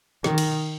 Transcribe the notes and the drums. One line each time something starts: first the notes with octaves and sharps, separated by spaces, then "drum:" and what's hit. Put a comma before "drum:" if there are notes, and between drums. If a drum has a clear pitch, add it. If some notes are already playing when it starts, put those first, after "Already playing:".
D#3, drum: snare
drum: cymbal